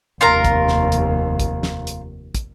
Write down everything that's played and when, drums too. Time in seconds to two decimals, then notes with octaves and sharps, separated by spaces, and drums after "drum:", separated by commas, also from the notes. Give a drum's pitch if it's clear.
0.21 F1 D#2 F4 A#4 A#5
0.44 drum: kick, hi-hat
0.68 drum: snare
0.92 drum: hi-hat
1.39 drum: kick, hi-hat
1.63 drum: snare
1.87 drum: hi-hat
2.34 drum: kick, hi-hat